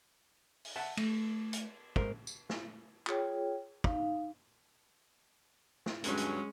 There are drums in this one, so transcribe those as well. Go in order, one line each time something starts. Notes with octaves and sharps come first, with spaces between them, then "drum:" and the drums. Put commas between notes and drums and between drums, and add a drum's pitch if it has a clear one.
drum: open hi-hat
E5 F#5 A5
A3, drum: cymbal
drum: hi-hat
G#2 A#4 C5, drum: kick
drum: tambourine
drum: snare
F4 G#4 C#5 G5, drum: clap
D#4 F5, drum: kick
drum: snare
D2 G2 F#3 G#3 C#4, drum: hi-hat
drum: hi-hat